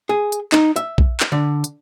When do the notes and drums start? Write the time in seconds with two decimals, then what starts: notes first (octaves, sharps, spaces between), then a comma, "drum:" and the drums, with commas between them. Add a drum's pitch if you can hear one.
0.09 G#4
0.32 drum: hi-hat
0.52 D#4, drum: clap
0.76 E5, drum: hi-hat
0.98 drum: kick A#1
1.20 drum: clap
1.32 D3
1.64 drum: hi-hat